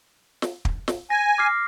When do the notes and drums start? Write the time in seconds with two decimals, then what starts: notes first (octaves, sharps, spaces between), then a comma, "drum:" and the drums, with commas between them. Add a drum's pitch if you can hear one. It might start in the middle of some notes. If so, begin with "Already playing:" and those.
0.42 drum: snare
0.65 drum: kick
0.88 drum: snare
1.10 G#5 A#6
1.38 D6 F6 C7